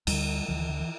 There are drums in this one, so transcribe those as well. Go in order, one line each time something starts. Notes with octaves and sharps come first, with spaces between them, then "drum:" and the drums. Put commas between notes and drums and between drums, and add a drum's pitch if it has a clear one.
D2 D3 G3, drum: cymbal
D2 D3 F3
E3
D3
E3